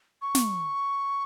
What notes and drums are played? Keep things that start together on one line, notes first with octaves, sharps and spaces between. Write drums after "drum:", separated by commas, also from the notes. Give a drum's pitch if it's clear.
C#6
drum: snare